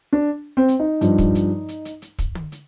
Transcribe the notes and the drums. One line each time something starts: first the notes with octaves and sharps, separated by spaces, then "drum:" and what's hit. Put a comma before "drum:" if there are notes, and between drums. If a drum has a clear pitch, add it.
D4
C4
drum: hi-hat
D#4
G2 F3, drum: hi-hat
drum: kick, hi-hat
drum: hi-hat
drum: hi-hat
drum: hi-hat
drum: hi-hat
drum: kick, hi-hat
drum: tom
drum: hi-hat